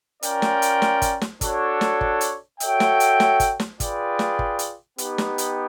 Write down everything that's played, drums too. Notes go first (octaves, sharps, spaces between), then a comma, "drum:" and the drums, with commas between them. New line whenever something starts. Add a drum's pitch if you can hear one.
C#4 F4 A#4 D5 G5, drum: hi-hat
drum: snare
drum: hi-hat
drum: snare
drum: kick, hi-hat
drum: snare
D4 F#4 A4 C#5, drum: kick, hi-hat
drum: snare
drum: kick
drum: hi-hat
F#4 A4 C#5 E5 G5, drum: hi-hat
drum: snare
drum: hi-hat
drum: snare
drum: kick, hi-hat
drum: snare
F4 G#4 B4 D5 G5, drum: kick, hi-hat
drum: snare
drum: kick
drum: hi-hat
B3 D#4 G4, drum: hi-hat
drum: snare
drum: hi-hat